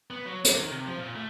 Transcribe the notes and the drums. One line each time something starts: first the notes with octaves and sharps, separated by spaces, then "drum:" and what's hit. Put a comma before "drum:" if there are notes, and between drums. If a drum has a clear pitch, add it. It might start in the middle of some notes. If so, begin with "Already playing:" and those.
B3
F#3
E2, drum: hi-hat
D#3
C3
F3
A#2
A3